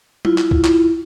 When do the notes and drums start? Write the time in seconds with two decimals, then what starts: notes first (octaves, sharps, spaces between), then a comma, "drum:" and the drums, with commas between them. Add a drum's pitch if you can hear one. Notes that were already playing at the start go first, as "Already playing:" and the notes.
0.25 E4 F4, drum: tom
0.38 drum: clap
0.51 drum: kick C2
0.64 drum: clap